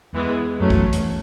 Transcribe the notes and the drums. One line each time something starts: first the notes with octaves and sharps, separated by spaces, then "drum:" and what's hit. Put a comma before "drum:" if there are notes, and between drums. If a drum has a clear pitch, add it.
E2 E3 G#3 B3
F#2 F#3 A3 C#4
E2, drum: kick A#1
E2, drum: hi-hat